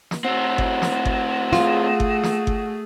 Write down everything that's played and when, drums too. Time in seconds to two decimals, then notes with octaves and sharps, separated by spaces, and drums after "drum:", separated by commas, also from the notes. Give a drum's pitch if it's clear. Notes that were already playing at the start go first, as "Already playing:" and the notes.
0.11 drum: snare
0.24 A2 C4 F#4
0.58 drum: kick G1
0.82 drum: snare
1.05 drum: kick G1
1.53 A3 F4 G#4, drum: snare
2.00 drum: kick G1
2.23 drum: snare
2.47 drum: kick G1